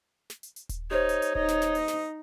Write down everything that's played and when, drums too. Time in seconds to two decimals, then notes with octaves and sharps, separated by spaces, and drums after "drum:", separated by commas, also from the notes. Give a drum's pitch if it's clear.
0.30 drum: snare
0.43 drum: hi-hat
0.56 drum: hi-hat
0.69 drum: kick D#1, hi-hat
0.91 D#4 G4 C5 C#5
1.09 drum: hi-hat
1.22 drum: hi-hat
1.35 D#4 D#5, drum: kick D#1
1.48 drum: snare
1.62 drum: snare
1.75 drum: open hi-hat
1.88 drum: snare